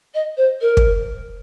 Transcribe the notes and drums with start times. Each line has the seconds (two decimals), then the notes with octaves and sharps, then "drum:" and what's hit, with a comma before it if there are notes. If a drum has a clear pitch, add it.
0.14 D#5
0.37 C5
0.61 A#4
0.77 drum: kick